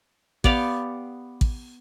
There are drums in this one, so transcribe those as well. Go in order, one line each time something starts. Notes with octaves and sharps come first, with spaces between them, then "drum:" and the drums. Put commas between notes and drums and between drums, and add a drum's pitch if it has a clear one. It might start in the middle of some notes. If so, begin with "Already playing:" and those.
B3 G4 D5 F5, drum: kick A1
drum: kick A1